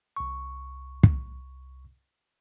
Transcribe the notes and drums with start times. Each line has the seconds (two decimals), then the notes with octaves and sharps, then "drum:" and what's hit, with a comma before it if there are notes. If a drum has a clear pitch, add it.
0.16 C2 C#6
1.03 drum: kick